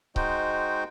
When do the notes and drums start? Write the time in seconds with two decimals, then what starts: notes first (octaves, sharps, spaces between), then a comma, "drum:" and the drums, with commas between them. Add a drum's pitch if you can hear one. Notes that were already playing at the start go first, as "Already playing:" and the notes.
0.16 G#3 D#4 F#4 C5 G5, drum: kick C#1